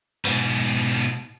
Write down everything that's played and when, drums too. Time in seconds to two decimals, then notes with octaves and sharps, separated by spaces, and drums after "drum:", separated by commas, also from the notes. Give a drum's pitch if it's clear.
0.25 G#2 B2, drum: open hi-hat